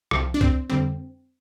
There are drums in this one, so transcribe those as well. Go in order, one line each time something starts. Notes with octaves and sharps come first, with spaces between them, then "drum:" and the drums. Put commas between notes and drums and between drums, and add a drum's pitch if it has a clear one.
C2 C3 F3, drum: rim click
D4
C4, drum: kick
F2 D3 G3 C4